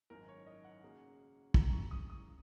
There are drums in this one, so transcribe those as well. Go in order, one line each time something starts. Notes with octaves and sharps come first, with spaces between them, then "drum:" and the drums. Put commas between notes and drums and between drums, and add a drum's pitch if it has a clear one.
G#1 F#2 D#3 A#4
C#5
D#5
F#5
C#3 F#3 A#3 C#4 G#4
C#3 A#3 C#4 A#4 A#5, drum: kick
A#5
C#6
D#6
D#6